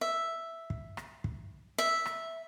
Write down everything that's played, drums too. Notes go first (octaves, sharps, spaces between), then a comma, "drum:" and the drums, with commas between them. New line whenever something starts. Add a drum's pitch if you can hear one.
E5
drum: kick
drum: rim click
drum: kick
E5
drum: rim click